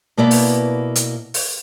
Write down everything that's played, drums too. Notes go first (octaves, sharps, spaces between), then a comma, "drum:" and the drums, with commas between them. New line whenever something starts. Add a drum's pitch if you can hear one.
B2 A#3 B3 E4 D5
drum: open hi-hat
drum: hi-hat
drum: open hi-hat